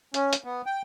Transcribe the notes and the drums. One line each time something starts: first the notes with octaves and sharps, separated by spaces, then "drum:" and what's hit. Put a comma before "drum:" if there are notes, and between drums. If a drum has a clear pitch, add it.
C#4, drum: hi-hat
drum: hi-hat
B3
G5